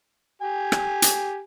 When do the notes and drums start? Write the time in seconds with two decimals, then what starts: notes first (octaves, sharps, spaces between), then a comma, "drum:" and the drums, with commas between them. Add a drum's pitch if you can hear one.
0.42 G4 G#5
0.72 drum: rim click
1.02 drum: hi-hat